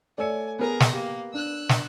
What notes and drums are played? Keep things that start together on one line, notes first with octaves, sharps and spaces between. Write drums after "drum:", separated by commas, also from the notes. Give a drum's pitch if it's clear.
A3 C#5 D5 G#5 E6 C#7
B3 G#4 A#4 A#5
drum: snare
A#3 G4
D4 E6 F#6
drum: snare